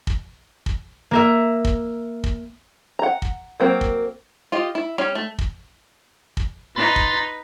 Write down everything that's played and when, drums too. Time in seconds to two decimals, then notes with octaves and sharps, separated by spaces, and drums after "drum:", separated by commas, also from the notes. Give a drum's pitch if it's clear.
0.07 drum: kick
0.66 drum: kick
1.11 A#3 A#4 E5
1.65 drum: kick
2.24 drum: kick
2.99 F#5 A#5
3.22 drum: kick
3.60 F#3 A#3 C4
3.81 drum: kick
4.52 F4 G4 D#5
4.75 E4
4.98 G3 C#4
5.15 A3
5.38 drum: kick
6.37 drum: kick
6.76 D#4 B4 B5 C6 A6
6.96 drum: kick